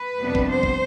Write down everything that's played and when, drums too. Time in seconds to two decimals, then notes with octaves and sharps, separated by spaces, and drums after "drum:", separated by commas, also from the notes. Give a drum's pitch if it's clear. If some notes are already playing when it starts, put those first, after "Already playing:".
Already playing: B4
0.21 F2 C3 G3 B3 D4
0.35 drum: kick
0.49 C5
0.63 drum: kick